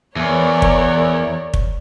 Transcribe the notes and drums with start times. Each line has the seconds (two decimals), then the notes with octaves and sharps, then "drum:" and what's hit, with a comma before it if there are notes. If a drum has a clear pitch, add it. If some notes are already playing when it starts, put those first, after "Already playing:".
0.16 E2 A#4 C#5 D5
0.62 drum: kick
1.54 drum: kick